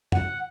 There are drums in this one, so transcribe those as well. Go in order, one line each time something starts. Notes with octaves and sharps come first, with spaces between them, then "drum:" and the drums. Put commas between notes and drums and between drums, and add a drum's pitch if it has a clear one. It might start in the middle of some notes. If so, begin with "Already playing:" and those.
F#5, drum: tom F2